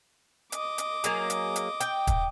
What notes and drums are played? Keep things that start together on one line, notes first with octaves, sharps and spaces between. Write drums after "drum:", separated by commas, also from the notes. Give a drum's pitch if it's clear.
D#5 D6, drum: hi-hat
drum: hi-hat
F#3 A#3 G#4, drum: hi-hat
drum: hi-hat
drum: hi-hat
G5, drum: hi-hat
drum: kick, hi-hat